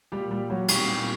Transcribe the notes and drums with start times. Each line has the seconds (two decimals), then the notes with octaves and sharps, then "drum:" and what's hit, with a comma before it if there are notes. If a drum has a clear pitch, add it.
0.12 A#2 G3 G4
0.31 G3 G4
0.50 F#3 G3 F#4
0.68 A#2 G3 G4, drum: cymbal
0.87 A#2